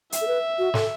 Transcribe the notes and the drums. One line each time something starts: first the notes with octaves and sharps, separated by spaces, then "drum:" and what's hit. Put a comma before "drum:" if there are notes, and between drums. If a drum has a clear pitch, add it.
E5, drum: hi-hat
A4
B4
F#4
A4, drum: snare